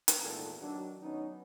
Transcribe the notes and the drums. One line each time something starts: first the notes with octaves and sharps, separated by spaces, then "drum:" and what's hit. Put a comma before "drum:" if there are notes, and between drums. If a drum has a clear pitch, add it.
drum: hi-hat
G#1 E2 A#2 D#3 A3 A4
D#3 F#3 D4
F#3 B3 C#4 D#4